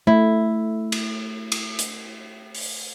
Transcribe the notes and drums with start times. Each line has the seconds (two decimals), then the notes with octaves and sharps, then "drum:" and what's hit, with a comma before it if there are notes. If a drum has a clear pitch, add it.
0.07 A3 E4
0.92 drum: cymbal
1.52 drum: cymbal
1.79 drum: hi-hat
2.55 drum: open hi-hat